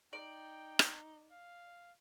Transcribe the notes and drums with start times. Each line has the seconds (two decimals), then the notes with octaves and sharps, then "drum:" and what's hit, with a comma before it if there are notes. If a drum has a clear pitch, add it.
0.13 D#4 D5 G5
0.79 drum: rim click
1.32 F5